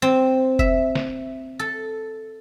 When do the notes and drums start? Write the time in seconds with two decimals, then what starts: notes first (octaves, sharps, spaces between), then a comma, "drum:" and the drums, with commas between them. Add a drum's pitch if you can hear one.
0.02 C4
0.59 E5, drum: kick F1
0.95 drum: snare
1.59 A4